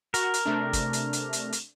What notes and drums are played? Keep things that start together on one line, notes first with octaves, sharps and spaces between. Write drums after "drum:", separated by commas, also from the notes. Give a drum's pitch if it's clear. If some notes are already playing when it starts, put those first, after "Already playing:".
F#4 A#4, drum: hi-hat
drum: hi-hat
C3 A3 D4
drum: kick, hi-hat
drum: hi-hat
drum: hi-hat
drum: hi-hat
drum: hi-hat